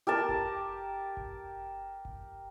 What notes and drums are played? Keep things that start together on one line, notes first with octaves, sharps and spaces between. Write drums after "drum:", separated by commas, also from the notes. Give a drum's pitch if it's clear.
G4 A#4 A5
drum: kick F#1
drum: kick F#1
drum: kick F#1